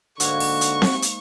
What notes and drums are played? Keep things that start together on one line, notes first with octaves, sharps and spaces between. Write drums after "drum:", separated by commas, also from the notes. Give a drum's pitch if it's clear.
G#2 D3 A#3 F#4 C#6, drum: hi-hat
drum: open hi-hat
drum: hi-hat
drum: snare C4
drum: hi-hat